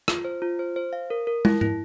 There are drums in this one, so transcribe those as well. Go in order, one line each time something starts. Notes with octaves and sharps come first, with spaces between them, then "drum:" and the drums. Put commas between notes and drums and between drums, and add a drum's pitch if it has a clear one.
F4, drum: rim click
C5
F4
C5
C5
F5
A#4
A#4
E4, drum: tom
E4, drum: tom G#2